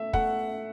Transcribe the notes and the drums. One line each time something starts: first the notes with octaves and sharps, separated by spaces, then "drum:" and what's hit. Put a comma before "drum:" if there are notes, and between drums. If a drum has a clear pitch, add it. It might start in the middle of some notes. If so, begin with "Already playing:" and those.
Already playing: A3 E5
A3 F#5, drum: kick